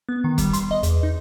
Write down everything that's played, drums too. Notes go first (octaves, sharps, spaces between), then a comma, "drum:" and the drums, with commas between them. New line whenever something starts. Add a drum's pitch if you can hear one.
B3
D#3
G3, drum: kick, hi-hat
C6, drum: hi-hat
D#5
E2, drum: hi-hat
D#4